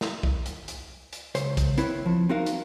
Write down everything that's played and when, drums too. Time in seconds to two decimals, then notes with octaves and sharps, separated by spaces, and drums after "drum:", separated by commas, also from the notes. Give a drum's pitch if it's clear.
0.01 drum: snare
0.23 drum: kick
0.46 drum: hi-hat
0.68 drum: hi-hat
1.13 drum: hi-hat
1.35 C#2 C5 C#5, drum: hi-hat
1.57 drum: kick, hi-hat
1.78 C4 E4 B4 C#5, drum: hi-hat
2.05 F3
2.29 C4 D#4 F#4 A#4 F5
2.46 drum: hi-hat